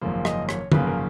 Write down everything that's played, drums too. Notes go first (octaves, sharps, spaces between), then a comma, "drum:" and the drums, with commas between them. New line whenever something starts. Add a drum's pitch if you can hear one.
G#1 F#2 C#3 F3 A#3
D#5, drum: rim click
C#5, drum: rim click
G#1 F#2 C#3 F3 A#3 B4, drum: tom
A#4